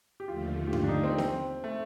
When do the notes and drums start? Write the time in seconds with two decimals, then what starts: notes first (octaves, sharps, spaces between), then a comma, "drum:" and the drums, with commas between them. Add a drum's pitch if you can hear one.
0.20 G4
0.27 D#2 D3 F3 A3 F4
0.67 G4
0.73 F4, drum: tom G2
0.84 D4
0.88 D#4
1.04 C4
1.18 C4, drum: snare
1.64 A3